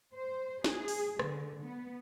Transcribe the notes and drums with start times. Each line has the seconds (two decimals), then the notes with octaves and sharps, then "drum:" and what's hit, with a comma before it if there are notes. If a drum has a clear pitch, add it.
0.14 C5
0.64 G#4, drum: snare
0.88 drum: open hi-hat
1.19 D3, drum: rim click
1.64 B3